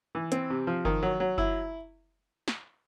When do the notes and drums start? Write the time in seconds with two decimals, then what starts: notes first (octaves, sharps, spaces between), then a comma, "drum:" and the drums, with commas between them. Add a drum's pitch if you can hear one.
0.15 E3
0.32 C4, drum: hi-hat
0.50 C3
0.67 F3
0.85 D#3, drum: kick F#1
1.03 F#3
1.20 F#3
1.38 E4, drum: kick F#1
2.48 drum: snare